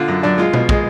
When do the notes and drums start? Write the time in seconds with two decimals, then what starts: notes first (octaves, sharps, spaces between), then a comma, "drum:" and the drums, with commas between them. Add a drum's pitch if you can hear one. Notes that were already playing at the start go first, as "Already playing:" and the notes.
Already playing: D3 F4
0.08 F#2
0.23 F#2 D4
0.38 G#3 F4
0.53 B2, drum: tom
0.69 G#3, drum: kick